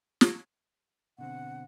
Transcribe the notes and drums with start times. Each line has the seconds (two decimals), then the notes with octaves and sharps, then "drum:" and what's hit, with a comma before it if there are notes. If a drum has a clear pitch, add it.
0.21 drum: snare
1.18 B2 D3 C4 F#5